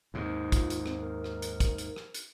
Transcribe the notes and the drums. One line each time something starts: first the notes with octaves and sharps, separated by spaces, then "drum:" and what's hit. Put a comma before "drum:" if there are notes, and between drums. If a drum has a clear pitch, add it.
D#2 G#2 C4
F4, drum: kick, hi-hat
drum: hi-hat
C4, drum: rim click
A#4
drum: rim click
drum: hi-hat
drum: kick, hi-hat
drum: hi-hat
drum: rim click
drum: hi-hat